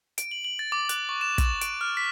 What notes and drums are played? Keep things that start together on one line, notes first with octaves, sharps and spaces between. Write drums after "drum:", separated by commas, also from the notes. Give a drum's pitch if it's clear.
D7, drum: hi-hat
F#7
F#7
A6
D6
F#6, drum: hi-hat
C#6
E7
A6, drum: kick, hi-hat
D7, drum: hi-hat
F6
B6